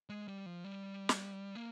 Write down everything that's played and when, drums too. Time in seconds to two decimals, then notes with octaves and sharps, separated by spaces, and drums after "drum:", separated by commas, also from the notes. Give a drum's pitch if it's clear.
0.09 G#3
0.28 G3
0.46 F3
0.64 G3
1.09 drum: snare
1.55 A#3